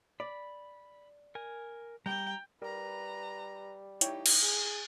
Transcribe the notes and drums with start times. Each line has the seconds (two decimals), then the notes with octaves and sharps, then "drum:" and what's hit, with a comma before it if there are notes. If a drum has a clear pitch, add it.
0.20 D5 B5
1.35 A#4 G#5
2.06 G3 G5 A#5
2.62 G3 A#4 B4 A#5
4.01 D#4 E4 G4 C#5 G5, drum: hi-hat
4.26 drum: cymbal
4.41 G#4